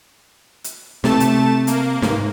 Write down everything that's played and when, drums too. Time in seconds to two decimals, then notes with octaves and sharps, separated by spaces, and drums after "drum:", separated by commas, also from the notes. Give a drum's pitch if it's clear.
0.64 drum: hi-hat
1.04 C3 A3 A5 E7, drum: snare
1.20 drum: hi-hat
1.67 A#3, drum: hi-hat
2.02 G#2, drum: snare